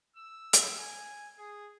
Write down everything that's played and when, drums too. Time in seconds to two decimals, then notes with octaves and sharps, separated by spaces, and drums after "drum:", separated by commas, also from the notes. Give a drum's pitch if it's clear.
0.17 E6
0.53 drum: hi-hat
0.79 G#5
1.39 G#4